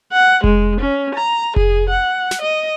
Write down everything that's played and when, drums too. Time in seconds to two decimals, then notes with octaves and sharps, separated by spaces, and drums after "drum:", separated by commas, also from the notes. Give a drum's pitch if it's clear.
0.13 F#5
0.44 G#3, drum: kick F1
0.80 C#4
1.15 A#5
1.56 G#4, drum: kick F1
1.90 F#5
2.31 drum: snare
2.41 D#5